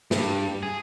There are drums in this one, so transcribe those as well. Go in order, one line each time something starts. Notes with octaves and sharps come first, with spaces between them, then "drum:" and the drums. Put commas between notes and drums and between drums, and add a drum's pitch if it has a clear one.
G2, drum: snare
G#4